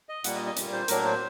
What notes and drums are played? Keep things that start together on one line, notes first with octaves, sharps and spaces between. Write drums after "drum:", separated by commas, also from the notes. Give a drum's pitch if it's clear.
D#5
A#2 G3 A#3 F#5, drum: hi-hat
D#5
D#5
A#2 G3 A#3, drum: hi-hat
C5
A2 F#3 A#3 D4 A#4, drum: hi-hat
C5